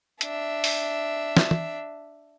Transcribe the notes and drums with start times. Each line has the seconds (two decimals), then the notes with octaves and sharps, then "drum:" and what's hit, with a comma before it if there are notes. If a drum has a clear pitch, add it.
0.21 D4 E5, drum: hi-hat
0.64 drum: open hi-hat
1.37 drum: snare
1.51 drum: tom